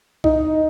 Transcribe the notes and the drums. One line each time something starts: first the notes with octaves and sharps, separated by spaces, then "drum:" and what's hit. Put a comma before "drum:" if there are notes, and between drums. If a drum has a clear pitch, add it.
D#4, drum: kick B1